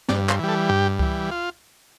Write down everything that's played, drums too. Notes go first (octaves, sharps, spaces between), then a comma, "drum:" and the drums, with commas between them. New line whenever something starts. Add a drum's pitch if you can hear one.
G2 D5, drum: snare
C5, drum: clap
E3 G3
A4
G2 G4
E3 G3, drum: kick C#2
F4